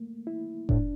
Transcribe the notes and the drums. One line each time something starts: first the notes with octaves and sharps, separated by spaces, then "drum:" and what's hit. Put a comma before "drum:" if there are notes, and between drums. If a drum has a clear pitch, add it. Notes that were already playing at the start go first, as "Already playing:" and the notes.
Already playing: A3 A#3
E4
A2 D4, drum: kick F1